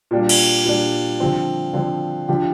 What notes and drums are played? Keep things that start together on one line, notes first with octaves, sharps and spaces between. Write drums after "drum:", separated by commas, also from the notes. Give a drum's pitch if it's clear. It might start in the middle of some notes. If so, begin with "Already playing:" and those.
A#2 G3 D4
drum: cymbal
A#2 G3 D4
D3 F3 C4
D3 F3 C4
D3 F3 D4 G4